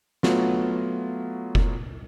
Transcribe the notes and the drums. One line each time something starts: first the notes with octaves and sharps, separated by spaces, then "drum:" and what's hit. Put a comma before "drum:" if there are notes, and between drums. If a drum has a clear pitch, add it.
F#3 A3 B3 F4, drum: snare
drum: kick F1